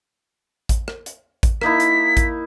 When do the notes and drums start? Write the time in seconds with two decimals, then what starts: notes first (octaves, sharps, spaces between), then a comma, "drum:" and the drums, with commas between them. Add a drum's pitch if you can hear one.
0.69 drum: kick A1, hi-hat
0.88 drum: rim click
1.06 drum: hi-hat
1.43 drum: kick A1, hi-hat
1.61 A#3 D#4 E4 B6, drum: rim click
1.80 drum: hi-hat
2.17 drum: kick A1, hi-hat